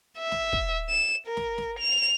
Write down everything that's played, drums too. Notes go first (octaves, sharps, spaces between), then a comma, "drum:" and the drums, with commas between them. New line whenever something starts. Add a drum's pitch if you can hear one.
E5
drum: snare
drum: kick
E7
A#4
drum: snare
drum: snare
F7